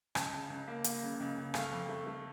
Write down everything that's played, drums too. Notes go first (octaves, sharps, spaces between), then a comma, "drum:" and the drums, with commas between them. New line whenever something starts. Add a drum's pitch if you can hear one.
C#2 A5, drum: rim click
C#3
C#2
A#3
A#3, drum: hi-hat
C#3
C#2
C#2
A3 F5, drum: rim click
F2
A3
A3